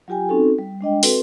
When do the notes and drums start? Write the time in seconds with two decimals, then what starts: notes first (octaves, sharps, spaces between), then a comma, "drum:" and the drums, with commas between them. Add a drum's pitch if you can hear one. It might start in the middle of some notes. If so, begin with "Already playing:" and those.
0.08 F#3 F4 G4 G5 G#5
0.29 C4 C#4 D#4 F#4 A4
0.58 G3
0.81 G#3 D4 D#5 G5
1.03 C4 F#4 A4 B4, drum: open hi-hat